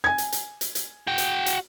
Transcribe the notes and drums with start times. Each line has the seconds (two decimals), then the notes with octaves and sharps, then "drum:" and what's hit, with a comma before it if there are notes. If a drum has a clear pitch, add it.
0.04 G#5 G#6
0.18 drum: hi-hat
0.32 drum: hi-hat
0.61 drum: hi-hat
0.75 drum: hi-hat
1.07 F#4 G5
1.18 drum: hi-hat
1.46 drum: hi-hat